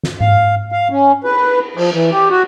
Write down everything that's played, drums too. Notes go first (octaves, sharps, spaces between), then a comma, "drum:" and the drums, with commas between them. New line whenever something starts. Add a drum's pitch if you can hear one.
drum: snare
F5, drum: tom G#2
F5
C#4
B4, drum: cymbal
F3, drum: cymbal
E3
G4
F#4